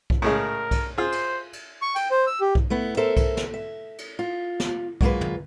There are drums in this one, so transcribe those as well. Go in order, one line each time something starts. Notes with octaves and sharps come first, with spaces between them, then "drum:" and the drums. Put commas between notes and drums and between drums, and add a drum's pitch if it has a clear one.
drum: kick B1
A2 C#3 G#3 A#4
drum: kick B1, cymbal
F4 G#4 C5
drum: cymbal
drum: cymbal
C#6
G5, drum: cymbal
C5
E6
G4
drum: kick B1
A3 B3 E4
A4 A#4 C5 E5
drum: kick B1, cymbal
drum: snare
E5
drum: cymbal
F4
drum: snare
F#3 G#3 A#3 F4 B4, drum: kick B1
drum: tom